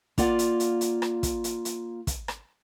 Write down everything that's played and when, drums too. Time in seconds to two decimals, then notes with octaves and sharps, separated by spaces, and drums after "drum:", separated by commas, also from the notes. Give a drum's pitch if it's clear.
0.18 A#3 F4 D5 F#5, drum: kick, hi-hat
0.39 drum: hi-hat
0.60 drum: hi-hat
0.81 drum: hi-hat
1.02 drum: rim click
1.23 drum: kick, hi-hat
1.44 drum: hi-hat
1.65 drum: hi-hat
2.07 drum: kick, hi-hat
2.28 drum: rim click